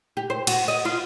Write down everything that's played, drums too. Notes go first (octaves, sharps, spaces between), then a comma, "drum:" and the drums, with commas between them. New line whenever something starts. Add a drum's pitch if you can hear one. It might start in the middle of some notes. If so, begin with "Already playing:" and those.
G4
C5
F#4, drum: cymbal
D#5
F4